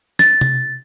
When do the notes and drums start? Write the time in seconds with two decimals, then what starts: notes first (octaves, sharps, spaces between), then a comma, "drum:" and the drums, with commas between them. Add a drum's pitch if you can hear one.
0.19 A6, drum: snare
0.41 drum: tom C3